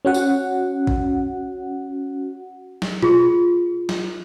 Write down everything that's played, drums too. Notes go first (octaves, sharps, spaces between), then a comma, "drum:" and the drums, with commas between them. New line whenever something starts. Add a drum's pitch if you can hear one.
C#4 F#4 F#5
drum: tambourine
drum: kick A1
drum: snare
F4 G#4, drum: tom B2
drum: snare